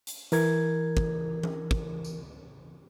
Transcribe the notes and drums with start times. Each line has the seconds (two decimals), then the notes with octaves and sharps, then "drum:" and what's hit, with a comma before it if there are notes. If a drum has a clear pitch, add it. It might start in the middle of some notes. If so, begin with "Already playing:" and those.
0.07 drum: hi-hat
0.32 E3 A#4 G#6, drum: hi-hat
0.97 drum: kick
1.43 drum: tom E3
1.71 drum: kick
2.05 drum: tambourine